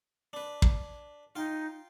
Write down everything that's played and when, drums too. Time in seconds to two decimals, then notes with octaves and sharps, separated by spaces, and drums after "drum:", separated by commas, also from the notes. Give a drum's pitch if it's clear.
0.33 D4 B4
0.62 drum: kick
1.36 D#4 F4 G5